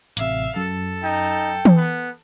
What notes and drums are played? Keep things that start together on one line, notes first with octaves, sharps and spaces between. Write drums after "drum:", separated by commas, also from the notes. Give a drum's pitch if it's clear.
A1 C3 E5 F5, drum: hi-hat
F#2 A4
D#4 G5
drum: tom E3
B3